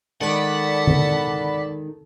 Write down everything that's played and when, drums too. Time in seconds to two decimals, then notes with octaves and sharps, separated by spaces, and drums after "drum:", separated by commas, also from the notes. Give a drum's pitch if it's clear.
0.21 D#3 G#3 A4 D5 F#5 A5 B5
0.87 drum: tom D3